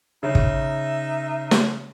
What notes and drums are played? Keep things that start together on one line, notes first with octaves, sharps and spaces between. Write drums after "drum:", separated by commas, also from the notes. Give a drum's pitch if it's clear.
C#3 D#4 E5
drum: kick
drum: snare